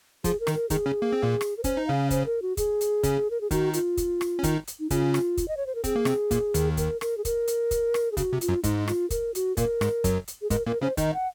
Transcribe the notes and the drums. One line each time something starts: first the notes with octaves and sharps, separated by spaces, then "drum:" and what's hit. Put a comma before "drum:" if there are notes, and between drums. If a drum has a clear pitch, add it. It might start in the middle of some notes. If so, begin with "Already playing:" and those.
F3 F4 G#4, drum: kick, hi-hat
A#4
D#3 D#4, drum: rim click
A#4
D#3 D#4 G#4, drum: kick, hi-hat
C#3 C#4
A#3
C4
A#2 A#3
drum: rim click
A#4
C#4 C5, drum: kick, hi-hat
D#4
C#3 C#4 F5
C5, drum: kick, hi-hat
A#4
F#4
G#4, drum: kick, hi-hat
drum: hi-hat
C#3 C#4, drum: kick, hi-hat
A#4
G#4
D#3 D#4 F#4, drum: kick, hi-hat
F4, drum: hi-hat
drum: kick, hi-hat
drum: rim click
C#4
D#3 D#4, drum: kick, hi-hat
drum: hi-hat
D#4
C#3 C#4 F4, drum: kick, hi-hat
drum: rim click
drum: kick, hi-hat
D#5
C#5
C5
A#4
C4 G#4, drum: kick, hi-hat
A#3
C3 C4, drum: rim click
A#2 A#3, drum: kick, hi-hat
D#2 D#3, drum: hi-hat
A#4, drum: kick, hi-hat
A#4, drum: rim click
G#4
A#4, drum: kick, hi-hat
drum: hi-hat
drum: kick, hi-hat
drum: rim click
G#4
C#3 F#4, drum: kick, hi-hat
C3
F4, drum: hi-hat
F#2 F#3
G#2 G#3 D#4, drum: kick, hi-hat
F4, drum: rim click
A#4, drum: kick, hi-hat
F#4, drum: hi-hat
A#2 A#3 A#4, drum: kick, hi-hat
G#2 G#3, drum: rim click
F#2 F#3, drum: kick, hi-hat
drum: hi-hat
G#4
G#2 G#3 A#4, drum: kick, hi-hat
A#2 A#3 A#4
C#3 C#4 C5
D#3 D#4 D#5, drum: kick, hi-hat
F#5